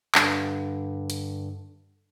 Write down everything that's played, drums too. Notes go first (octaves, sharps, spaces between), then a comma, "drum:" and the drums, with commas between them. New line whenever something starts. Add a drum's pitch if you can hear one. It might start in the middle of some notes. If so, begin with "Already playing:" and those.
G2 D3, drum: clap
drum: hi-hat